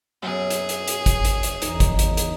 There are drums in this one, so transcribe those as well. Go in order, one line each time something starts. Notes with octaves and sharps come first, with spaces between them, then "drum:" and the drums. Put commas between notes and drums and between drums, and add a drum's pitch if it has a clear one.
F#2 B2 G#4
drum: hi-hat
drum: hi-hat
drum: hi-hat
drum: kick, hi-hat
drum: hi-hat
drum: hi-hat
E2 D#4, drum: hi-hat
drum: kick, hi-hat
drum: hi-hat
drum: hi-hat